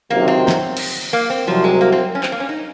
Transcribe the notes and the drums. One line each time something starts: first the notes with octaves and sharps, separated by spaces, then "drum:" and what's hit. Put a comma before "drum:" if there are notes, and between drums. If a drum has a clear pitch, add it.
C#2 C3 D#3 F#3 A#3
C4
drum: snare
drum: cymbal
A#3
C4
C2 C3 F3 F#3
G#3
A#3
C4
C#4
C4, drum: clap
A#3
C#4
D#4